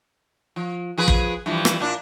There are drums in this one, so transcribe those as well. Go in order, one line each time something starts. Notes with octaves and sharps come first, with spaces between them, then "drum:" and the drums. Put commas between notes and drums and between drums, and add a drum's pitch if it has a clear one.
F3
F3 G#4 B4
drum: kick
G2 E3 F3
drum: rim click
A#2 D4